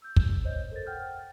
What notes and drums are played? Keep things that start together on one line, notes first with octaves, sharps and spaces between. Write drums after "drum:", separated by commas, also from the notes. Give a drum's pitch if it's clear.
E6 G6
G6, drum: kick
C5 C#5 D#5 G6
A4 A#4 C5 A6
F#5 G5 F6 G6